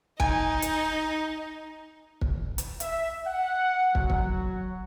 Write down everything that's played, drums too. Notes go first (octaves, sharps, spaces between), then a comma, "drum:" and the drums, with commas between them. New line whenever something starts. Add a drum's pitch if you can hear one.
D#4 G#5, drum: kick
drum: hi-hat
drum: kick
drum: hi-hat
E5, drum: hi-hat
F#5
F#3, drum: kick
drum: kick